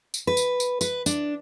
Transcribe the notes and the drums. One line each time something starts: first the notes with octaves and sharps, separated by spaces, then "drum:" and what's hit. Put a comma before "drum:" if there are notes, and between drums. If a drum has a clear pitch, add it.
drum: tambourine
B4
drum: tambourine
drum: tambourine
B4, drum: tambourine
D4, drum: tambourine